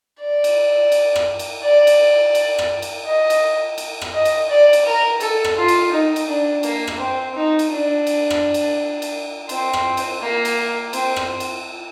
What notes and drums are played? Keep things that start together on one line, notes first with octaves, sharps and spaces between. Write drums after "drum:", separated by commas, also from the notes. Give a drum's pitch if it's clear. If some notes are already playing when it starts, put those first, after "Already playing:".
D5
drum: cymbal
drum: cymbal
drum: rim click
drum: cymbal
D5
drum: cymbal
drum: cymbal
drum: rim click
drum: cymbal
D#5
drum: cymbal
drum: cymbal
drum: rim click
D#5
drum: cymbal
D5
drum: cymbal
A#4
A4, drum: cymbal
drum: rim click
F4
drum: cymbal
D#4
drum: cymbal
D4
A#3, drum: cymbal
drum: rim click
C4
D#4
drum: cymbal
D4
drum: cymbal
drum: rim click
drum: cymbal
drum: cymbal
C4, drum: cymbal
drum: rim click
drum: cymbal
A#3
drum: cymbal
C4, drum: cymbal
drum: rim click
drum: cymbal